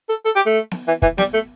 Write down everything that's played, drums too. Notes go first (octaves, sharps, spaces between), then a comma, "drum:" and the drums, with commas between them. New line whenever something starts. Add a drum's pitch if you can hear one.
A4
A4
G4
A3
drum: snare B3
E3
E3, drum: kick
G3, drum: snare B3
A3